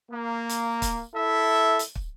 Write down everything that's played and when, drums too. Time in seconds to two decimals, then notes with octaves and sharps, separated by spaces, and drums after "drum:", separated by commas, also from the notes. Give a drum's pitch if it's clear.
0.11 A#3
0.49 drum: hi-hat
0.82 drum: kick, hi-hat
1.14 E4 A4 E5
1.79 drum: hi-hat
1.95 drum: kick